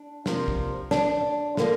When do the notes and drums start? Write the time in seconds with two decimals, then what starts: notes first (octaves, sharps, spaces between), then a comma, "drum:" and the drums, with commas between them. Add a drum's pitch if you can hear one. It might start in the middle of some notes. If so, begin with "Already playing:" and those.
Already playing: D4
0.26 C3 F3 A#3, drum: snare
0.48 drum: kick
0.91 D4, drum: snare
1.57 D3 F3 A#3, drum: snare